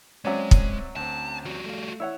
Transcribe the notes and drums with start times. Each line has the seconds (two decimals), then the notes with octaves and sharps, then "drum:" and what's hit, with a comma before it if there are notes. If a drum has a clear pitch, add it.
0.25 F#3 G#3 C4 C#4 D5 E5
0.51 drum: kick
0.96 D2 C4 A5
1.46 G3 F#4
1.66 A3 F5
2.00 E4 C#5 F#5 E6